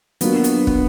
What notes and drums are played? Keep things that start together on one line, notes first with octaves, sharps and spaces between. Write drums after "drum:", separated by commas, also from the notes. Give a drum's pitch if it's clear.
F#3 A#3 B3 D4 F#4, drum: hi-hat
drum: hi-hat
B3, drum: kick